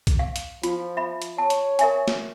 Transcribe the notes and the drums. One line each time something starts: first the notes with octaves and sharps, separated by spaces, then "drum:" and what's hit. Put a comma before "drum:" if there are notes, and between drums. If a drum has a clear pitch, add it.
drum: kick B1, hi-hat
F5
drum: hi-hat
F3 F4, drum: hi-hat
E5 B5
drum: hi-hat
C#5 A5
drum: hi-hat
A#4 E5 G#5, drum: hi-hat
drum: snare